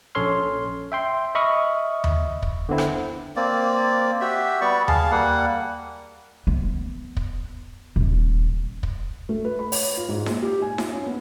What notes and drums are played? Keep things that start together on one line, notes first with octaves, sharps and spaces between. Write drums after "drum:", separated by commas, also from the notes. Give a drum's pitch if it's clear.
A#1 C#4 A4 C#5 C6 F6
E5 G5 C6
D#5 E5 B5 C#6 D#6 F6
drum: tom D#2
drum: kick
D3 B3 C4 E4
drum: rim click
A#3 C4 D5
F#4 G4 E5
G3 B3 D5 C#6
G#4 F5 A5, drum: tom D#2
G3 A#3 F#5
B3
drum: kick
D#1
drum: kick
A3
B4
B5
C#5, drum: open hi-hat
F4
G#2
A#2, drum: snare D#4
G4
G#5
F4, drum: snare D#4
C#4
B3